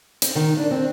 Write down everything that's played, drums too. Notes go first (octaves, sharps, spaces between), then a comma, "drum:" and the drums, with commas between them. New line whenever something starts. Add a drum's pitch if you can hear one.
C4, drum: hi-hat
D#3
D4
C4